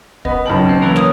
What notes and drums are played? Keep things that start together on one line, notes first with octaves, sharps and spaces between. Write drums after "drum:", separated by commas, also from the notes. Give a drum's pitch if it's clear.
B3 D#5 B5, drum: kick
B1 C#3 G5 A5 F#7
C4
E3 A#3 E4 A#4 B4
C#5 D#6, drum: snare